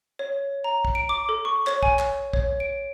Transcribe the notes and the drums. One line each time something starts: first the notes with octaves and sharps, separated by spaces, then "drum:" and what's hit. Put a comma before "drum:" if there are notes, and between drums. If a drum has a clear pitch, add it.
C#5
A#5
drum: kick
D7
D6
A4
C#6
C#5, drum: clap
G#5, drum: kick
drum: clap
C#5, drum: kick
D7